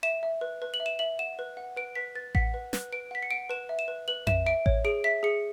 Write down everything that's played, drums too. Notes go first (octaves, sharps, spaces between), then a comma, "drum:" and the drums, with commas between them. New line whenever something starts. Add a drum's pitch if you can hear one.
E5 E7
E5
B4
B4
F#7
E5
E7
E5 F#7
F#5 E7
B4
F#5
B4 D7
B4 B6
B4 A6
F#5 B6, drum: kick A1
B4
B4, drum: snare
B4 D7
F#5 B6
C#7
F#5 D7
B4 E7
E5
E7
B4
B4 F#7
E5 E7, drum: tom F2
E5 D7
C#5, drum: kick A1
G#4 D7
E5 B6
G#4 C#7